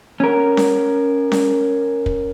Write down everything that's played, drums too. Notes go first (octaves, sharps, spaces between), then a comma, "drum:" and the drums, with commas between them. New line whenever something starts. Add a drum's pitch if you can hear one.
C#4 A#4
drum: snare C#4
drum: snare C#4
drum: kick